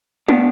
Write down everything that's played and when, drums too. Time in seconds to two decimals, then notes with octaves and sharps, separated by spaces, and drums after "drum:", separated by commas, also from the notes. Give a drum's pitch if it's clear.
0.28 B2 B3 D4, drum: tom